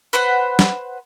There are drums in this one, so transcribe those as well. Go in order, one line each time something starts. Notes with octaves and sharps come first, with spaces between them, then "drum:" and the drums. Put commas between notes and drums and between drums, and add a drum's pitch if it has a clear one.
B4 C5 F#5 B5
drum: snare